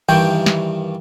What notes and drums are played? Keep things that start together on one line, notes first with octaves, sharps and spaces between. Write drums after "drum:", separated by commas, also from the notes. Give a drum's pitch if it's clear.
G2 D#3 E3 G5, drum: tom D#3
drum: snare